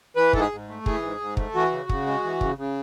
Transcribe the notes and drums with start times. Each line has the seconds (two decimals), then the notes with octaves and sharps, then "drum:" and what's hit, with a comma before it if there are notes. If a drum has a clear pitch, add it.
0.16 E3 B4
0.33 G#2 A4, drum: kick
0.40 G#4
0.52 G#2
0.69 A3
0.86 E3 G#4, drum: kick
1.02 G#2
1.20 G#2
1.37 A3, drum: kick
1.55 E3 F#4
1.72 C#3
1.89 C#3, drum: kick
2.06 G#3
2.24 E3
2.41 C#3, drum: kick
2.58 C#3